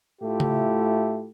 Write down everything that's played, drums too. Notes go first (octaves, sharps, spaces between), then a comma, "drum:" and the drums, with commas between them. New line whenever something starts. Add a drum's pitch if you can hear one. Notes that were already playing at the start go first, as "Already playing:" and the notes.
A2 A3 E4 F4 G4
drum: tom C#3